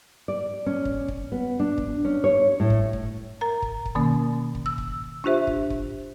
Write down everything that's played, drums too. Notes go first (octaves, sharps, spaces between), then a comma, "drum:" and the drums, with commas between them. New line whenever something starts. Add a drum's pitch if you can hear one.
D5
C#4
drum: kick
drum: kick
B3
D4
drum: kick
C#4
C#5
A2
drum: kick
drum: kick
A#4 A#5
drum: kick
drum: kick
B2 D#3 A#3 C#4
drum: kick
E6
drum: kick
D4 F4 G4 C5 E5
drum: kick
drum: kick